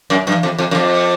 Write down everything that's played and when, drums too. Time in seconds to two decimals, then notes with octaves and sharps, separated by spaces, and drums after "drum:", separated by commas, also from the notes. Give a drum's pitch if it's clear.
0.10 F#2
0.27 G2, drum: tom E3
0.43 F2
0.59 F2
0.71 F#2
0.75 F2